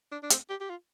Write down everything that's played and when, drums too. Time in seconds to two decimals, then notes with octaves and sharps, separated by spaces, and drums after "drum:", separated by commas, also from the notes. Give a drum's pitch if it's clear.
0.12 D4
0.23 D4
0.30 C4, drum: hi-hat
0.50 G4
0.61 G4
0.69 F4